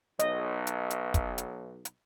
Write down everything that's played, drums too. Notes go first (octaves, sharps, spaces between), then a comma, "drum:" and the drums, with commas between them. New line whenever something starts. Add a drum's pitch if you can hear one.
B1 D#5, drum: hi-hat
drum: hi-hat
drum: hi-hat
drum: kick, hi-hat
drum: hi-hat
drum: hi-hat